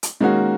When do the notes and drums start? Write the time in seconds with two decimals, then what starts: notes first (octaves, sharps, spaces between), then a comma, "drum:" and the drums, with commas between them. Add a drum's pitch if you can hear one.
0.03 drum: hi-hat
0.21 D#3 G#3 A#3 C#4 F#4